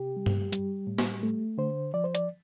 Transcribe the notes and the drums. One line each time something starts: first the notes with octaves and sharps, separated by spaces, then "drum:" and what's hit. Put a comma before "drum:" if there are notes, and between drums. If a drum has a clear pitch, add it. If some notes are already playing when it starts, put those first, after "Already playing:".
Already playing: C3 G4
G3
drum: tom G2
G3, drum: hi-hat
A2
drum: snare
A3
D3 C5
F3 D5
C5
D5, drum: hi-hat